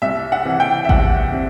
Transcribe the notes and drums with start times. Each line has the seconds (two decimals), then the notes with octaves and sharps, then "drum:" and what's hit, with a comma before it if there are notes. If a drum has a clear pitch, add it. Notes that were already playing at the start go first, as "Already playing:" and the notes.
0.02 C2 E5
0.32 F#5
0.45 C3 E3
0.60 G5
0.85 E5
0.89 C2 F#5, drum: kick A1
1.32 C3